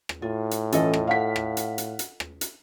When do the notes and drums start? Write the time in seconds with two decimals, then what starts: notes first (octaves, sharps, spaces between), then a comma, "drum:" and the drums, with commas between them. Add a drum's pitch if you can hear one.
0.09 drum: rim click
0.22 A2 F4
0.51 drum: hi-hat
0.72 E3 C#4 F4 A4 D#5, drum: hi-hat
0.94 drum: rim click
1.07 F5 F#5 B6
1.36 drum: rim click
1.57 drum: hi-hat
1.78 drum: hi-hat
1.99 drum: hi-hat
2.20 drum: rim click
2.41 drum: hi-hat